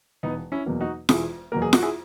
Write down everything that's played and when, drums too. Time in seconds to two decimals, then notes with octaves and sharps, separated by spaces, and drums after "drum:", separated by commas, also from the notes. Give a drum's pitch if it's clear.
0.23 E1 B3 D#4
0.52 C#4 E4
0.66 E2 B2 F#3 A#3
0.81 D#4 F#4
1.09 E1 E4 G#4, drum: snare
1.52 E2 B2 F#3 A#3 A#4
1.62 G#4
1.73 F#4, drum: snare
1.82 E4 G#4